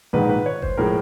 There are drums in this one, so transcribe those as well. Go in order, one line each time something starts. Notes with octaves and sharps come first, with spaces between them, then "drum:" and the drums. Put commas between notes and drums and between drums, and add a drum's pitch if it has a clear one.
A#1 G#2 D#3 G#3 B4
B4
C#5
C5, drum: kick F#1
A2 F3 G#3 A#4